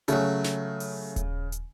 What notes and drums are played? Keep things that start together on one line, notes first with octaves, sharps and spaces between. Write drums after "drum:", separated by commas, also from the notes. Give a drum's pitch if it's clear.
C#3 F#3 A3, drum: hi-hat
drum: snare
drum: open hi-hat
drum: kick D#1, hi-hat
drum: hi-hat